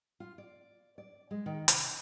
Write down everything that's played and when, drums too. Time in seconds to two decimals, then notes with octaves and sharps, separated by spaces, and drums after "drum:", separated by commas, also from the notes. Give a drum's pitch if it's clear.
0.20 F4
0.38 D5
0.98 D5
1.31 G#3
1.46 D#3
1.68 C3, drum: hi-hat